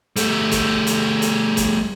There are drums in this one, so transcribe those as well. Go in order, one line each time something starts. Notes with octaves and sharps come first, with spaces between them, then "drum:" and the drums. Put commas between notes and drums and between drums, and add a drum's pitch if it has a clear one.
G3 A3, drum: hi-hat
drum: kick, hi-hat
drum: hi-hat
drum: hi-hat
drum: kick, hi-hat